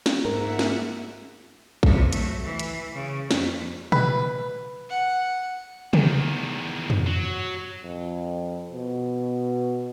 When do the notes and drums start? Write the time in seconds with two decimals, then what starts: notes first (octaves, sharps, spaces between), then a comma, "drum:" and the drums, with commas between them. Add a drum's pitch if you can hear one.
0.06 drum: snare
0.25 G#2 A#3 A#4 E5 F#5
0.59 drum: snare
1.83 G2 C3, drum: kick
2.13 F#3 A3, drum: hi-hat
2.44 E3
2.59 drum: hi-hat
2.95 C#3
3.31 F2, drum: snare
3.92 B4, drum: tom A#2
4.89 F#5
5.93 E2 D#3, drum: tom C3
6.90 drum: tom F2
7.07 F#3
7.82 F2
8.70 B2